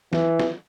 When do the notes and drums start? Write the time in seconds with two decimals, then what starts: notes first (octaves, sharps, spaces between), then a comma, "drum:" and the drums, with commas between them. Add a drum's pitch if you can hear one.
0.13 E3, drum: snare
0.40 drum: snare